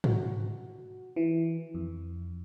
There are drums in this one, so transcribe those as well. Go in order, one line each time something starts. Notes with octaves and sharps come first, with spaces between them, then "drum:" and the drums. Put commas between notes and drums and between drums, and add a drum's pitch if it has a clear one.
F#4, drum: tom G#2
E3
F2